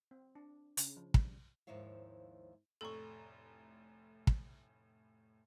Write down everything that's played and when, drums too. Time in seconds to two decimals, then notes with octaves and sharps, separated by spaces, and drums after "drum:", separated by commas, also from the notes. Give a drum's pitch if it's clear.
0.11 C4
0.35 D4
0.77 C#3, drum: hi-hat
0.97 F3
1.14 G3, drum: kick
1.67 D#2 G#2 F3 E4 C#5 F5
2.81 F1 A2 A4 A#5 C#6
4.27 drum: kick